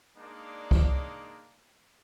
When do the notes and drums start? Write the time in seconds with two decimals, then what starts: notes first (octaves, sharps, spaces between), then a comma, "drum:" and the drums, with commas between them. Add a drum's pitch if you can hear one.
0.17 G#3 A#3 D4 D#4 D5
0.71 drum: kick